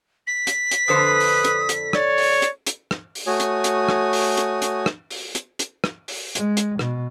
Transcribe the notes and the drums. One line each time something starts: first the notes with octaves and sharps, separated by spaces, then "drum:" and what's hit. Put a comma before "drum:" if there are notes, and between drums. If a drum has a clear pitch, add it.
B6
drum: hi-hat
drum: hi-hat
F2 D3 B4 C5 D#6
drum: open hi-hat
drum: hi-hat
drum: hi-hat
C#5 D5, drum: rim click
drum: open hi-hat
drum: hi-hat
drum: hi-hat
drum: rim click
drum: open hi-hat
A3 F#4 C#5 G#5 D#6
drum: hi-hat
drum: hi-hat
drum: rim click
drum: open hi-hat
drum: hi-hat
drum: hi-hat
drum: rim click
drum: open hi-hat
drum: hi-hat
drum: hi-hat
drum: rim click
drum: open hi-hat
G#3, drum: hi-hat
drum: hi-hat
B2, drum: rim click